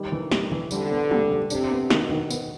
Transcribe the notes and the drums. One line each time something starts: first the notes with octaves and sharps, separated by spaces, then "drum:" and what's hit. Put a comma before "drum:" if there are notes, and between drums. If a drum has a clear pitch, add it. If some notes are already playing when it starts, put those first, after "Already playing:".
Already playing: D#3 G3
E3
G3, drum: snare
E3
D3 G3, drum: tambourine
B3
G3, drum: tom
G3
C3 D4, drum: tambourine
B3
B2 D#3, drum: snare
D#3
B3, drum: tambourine